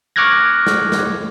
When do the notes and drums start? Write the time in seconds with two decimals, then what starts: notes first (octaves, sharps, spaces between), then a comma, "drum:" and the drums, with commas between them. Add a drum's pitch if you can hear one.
0.16 C#6 D6 F6 F#6 G#6 A#6
0.67 drum: snare
0.92 drum: snare